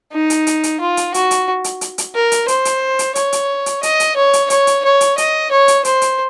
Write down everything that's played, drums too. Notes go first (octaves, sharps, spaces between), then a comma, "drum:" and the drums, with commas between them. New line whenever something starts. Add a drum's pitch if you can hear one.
D#4
drum: hi-hat
drum: hi-hat
drum: hi-hat
F4
drum: hi-hat
F#4, drum: hi-hat
drum: hi-hat
drum: hi-hat
drum: hi-hat
drum: hi-hat
A#4
drum: hi-hat
C5, drum: hi-hat
drum: hi-hat
drum: hi-hat
C#5, drum: hi-hat
drum: hi-hat
drum: hi-hat
D#5, drum: hi-hat
drum: hi-hat
C#5
drum: hi-hat
C#5, drum: hi-hat
drum: hi-hat
C#5
drum: hi-hat
D#5, drum: hi-hat
C#5
drum: hi-hat
C5, drum: hi-hat
drum: hi-hat